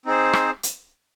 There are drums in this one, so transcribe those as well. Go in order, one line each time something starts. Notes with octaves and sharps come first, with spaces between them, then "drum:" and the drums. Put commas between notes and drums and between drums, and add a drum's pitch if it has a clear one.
C4 D#4 G#4 C5
drum: rim click
drum: hi-hat